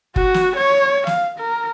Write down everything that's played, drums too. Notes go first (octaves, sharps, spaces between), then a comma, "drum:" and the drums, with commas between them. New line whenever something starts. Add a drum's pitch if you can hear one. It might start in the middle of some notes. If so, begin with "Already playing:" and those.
F#4, drum: kick
drum: snare
C#5
F5, drum: snare
A#4